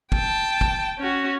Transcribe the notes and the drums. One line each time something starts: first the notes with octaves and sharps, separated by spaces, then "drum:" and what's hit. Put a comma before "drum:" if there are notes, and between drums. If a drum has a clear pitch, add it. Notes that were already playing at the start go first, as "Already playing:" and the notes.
G5 A5, drum: kick
drum: kick
C#4 F#4